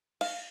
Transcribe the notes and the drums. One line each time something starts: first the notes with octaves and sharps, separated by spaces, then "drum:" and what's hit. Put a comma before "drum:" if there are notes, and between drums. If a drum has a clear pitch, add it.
F5, drum: cymbal